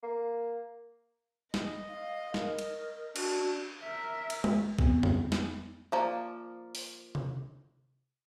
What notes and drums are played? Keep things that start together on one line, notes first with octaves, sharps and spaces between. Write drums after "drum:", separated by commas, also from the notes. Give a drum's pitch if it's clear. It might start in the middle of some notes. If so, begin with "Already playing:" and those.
A#3
D#5, drum: snare
F5
A#4, drum: snare
drum: cymbal
D4 F#4, drum: cymbal
A#4 E5
drum: cymbal
drum: tom G#3
F#3 B3 C4, drum: kick B1
drum: tom F2
drum: snare
F3 A#3 D5
drum: open hi-hat
drum: tom C3